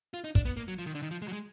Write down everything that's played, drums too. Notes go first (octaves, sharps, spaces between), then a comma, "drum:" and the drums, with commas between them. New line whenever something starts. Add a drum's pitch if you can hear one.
F4
D#4
D4, drum: kick
B3
A#3
F#3
F3
D#3
D3
D#3
F3
G#3
F#3
G#3